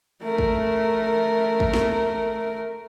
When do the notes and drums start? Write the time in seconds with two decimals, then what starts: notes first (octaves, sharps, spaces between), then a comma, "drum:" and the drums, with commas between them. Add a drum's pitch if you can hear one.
0.22 A3 A#4
0.38 drum: kick
1.60 drum: kick
1.73 drum: snare